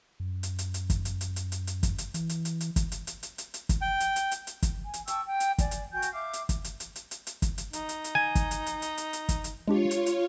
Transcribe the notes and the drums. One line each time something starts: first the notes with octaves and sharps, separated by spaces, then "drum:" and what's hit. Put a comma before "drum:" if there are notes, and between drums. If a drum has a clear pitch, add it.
F#2
drum: hi-hat
drum: hi-hat
drum: hi-hat
drum: kick, hi-hat
drum: hi-hat
drum: hi-hat
drum: hi-hat
drum: hi-hat
drum: hi-hat
drum: kick, hi-hat
drum: hi-hat
E3, drum: hi-hat
drum: hi-hat
drum: hi-hat
drum: hi-hat
drum: kick, hi-hat
drum: hi-hat
drum: hi-hat
drum: hi-hat
drum: hi-hat
drum: hi-hat
drum: kick, hi-hat
G5
drum: hi-hat
drum: hi-hat
drum: hi-hat
drum: hi-hat
drum: kick, hi-hat
G#5
drum: hi-hat
G5 A5 C#6 E6, drum: hi-hat
G5
drum: hi-hat
D5 G#5, drum: kick, hi-hat
drum: hi-hat
F#4 G5 G#5 G6
drum: hi-hat
E5 F5 D6
drum: hi-hat
drum: kick, hi-hat
drum: hi-hat
drum: hi-hat
drum: hi-hat
drum: hi-hat
drum: hi-hat
drum: kick, hi-hat
drum: hi-hat
D#4, drum: hi-hat
drum: hi-hat
drum: hi-hat
G#5
drum: kick, hi-hat
drum: hi-hat
drum: hi-hat
drum: hi-hat
drum: hi-hat
drum: hi-hat
drum: kick, hi-hat
drum: hi-hat
G#3 D4 F4 G4 C#5
drum: hi-hat
drum: hi-hat